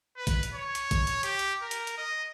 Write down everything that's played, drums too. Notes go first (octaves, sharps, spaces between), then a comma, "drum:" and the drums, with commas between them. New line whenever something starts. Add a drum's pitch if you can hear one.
B4
drum: kick, hi-hat
drum: hi-hat
C#5
drum: hi-hat
drum: kick, hi-hat
drum: hi-hat
G4, drum: hi-hat
drum: hi-hat
A#4
drum: hi-hat
drum: hi-hat
D#5